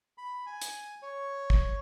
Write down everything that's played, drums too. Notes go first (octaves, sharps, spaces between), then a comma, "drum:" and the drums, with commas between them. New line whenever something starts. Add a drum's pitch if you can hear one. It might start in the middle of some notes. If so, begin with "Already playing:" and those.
B5
G#5
drum: hi-hat
C#5
drum: kick